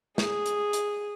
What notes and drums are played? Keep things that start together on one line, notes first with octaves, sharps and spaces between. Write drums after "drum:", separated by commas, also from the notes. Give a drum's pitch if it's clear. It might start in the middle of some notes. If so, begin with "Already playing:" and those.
G#4, drum: snare
drum: hi-hat
drum: hi-hat